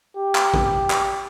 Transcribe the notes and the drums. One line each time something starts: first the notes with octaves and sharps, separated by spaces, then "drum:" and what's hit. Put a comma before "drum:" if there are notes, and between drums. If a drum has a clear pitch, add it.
G4
drum: clap
drum: kick A1
drum: clap